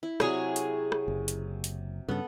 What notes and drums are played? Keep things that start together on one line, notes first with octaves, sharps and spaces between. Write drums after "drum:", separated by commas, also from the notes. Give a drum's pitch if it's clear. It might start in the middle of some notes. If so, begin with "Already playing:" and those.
E4
C3 F#3 G#4 C#5, drum: rim click
drum: hi-hat
drum: rim click
F#1
drum: hi-hat
drum: hi-hat
G2 C#3 B3 A4